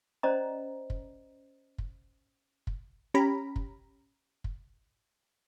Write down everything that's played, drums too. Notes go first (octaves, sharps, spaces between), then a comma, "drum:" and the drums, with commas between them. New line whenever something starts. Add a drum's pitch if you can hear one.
C#4 C5 D5 D#5 A#5
drum: kick
drum: kick
drum: kick
C#4 G4 A#5 B5
drum: kick
drum: kick